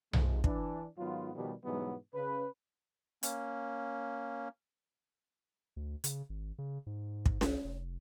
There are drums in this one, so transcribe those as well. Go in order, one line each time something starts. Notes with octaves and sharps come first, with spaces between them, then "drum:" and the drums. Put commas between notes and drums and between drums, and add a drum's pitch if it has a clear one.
G#2 C3 D#3 F3 G#3, drum: tom B1
E3 D4, drum: kick
G#2 D#3 F#3 B3 F4
B2 D#3 F3 G3
G#2 B2 E3 F#3 G3 B3
C#3 B4
A#3 C#4, drum: hi-hat
D2
C#3, drum: hi-hat
G#1
C#3
G#2
drum: kick
C2, drum: snare C#4
F1